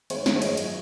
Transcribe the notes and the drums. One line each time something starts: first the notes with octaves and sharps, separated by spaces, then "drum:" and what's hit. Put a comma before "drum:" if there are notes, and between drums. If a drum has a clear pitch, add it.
G#1 C#5, drum: cymbal
drum: snare
C#5
F#2 F3 G#3 D#5, drum: cymbal
drum: cymbal